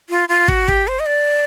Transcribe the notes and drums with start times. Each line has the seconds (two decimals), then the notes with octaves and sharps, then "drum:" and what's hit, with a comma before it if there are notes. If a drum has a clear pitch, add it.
0.10 F4
0.29 F4
0.48 F#4, drum: kick
0.68 G4, drum: kick
0.87 C5
0.99 D#5
1.06 D5